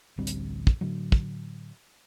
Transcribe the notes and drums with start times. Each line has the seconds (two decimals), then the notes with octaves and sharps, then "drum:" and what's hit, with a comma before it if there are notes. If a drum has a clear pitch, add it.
0.18 A1 D2 G3 C4
0.27 drum: hi-hat
0.67 drum: kick
0.81 A2 D3 F#3
1.12 drum: kick